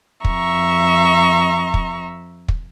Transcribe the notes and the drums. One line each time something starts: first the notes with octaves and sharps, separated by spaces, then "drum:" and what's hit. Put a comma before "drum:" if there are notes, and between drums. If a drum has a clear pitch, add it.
F2 E5 A#5 C#6, drum: kick
drum: kick
drum: kick